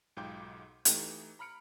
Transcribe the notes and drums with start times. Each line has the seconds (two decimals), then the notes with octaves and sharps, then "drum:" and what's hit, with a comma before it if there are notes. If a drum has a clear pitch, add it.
0.17 B1 G#2 F4 G5 D6 G6
0.85 E3 A3 D#4 G4, drum: hi-hat
1.39 A#5 B5 F6 C#7 D7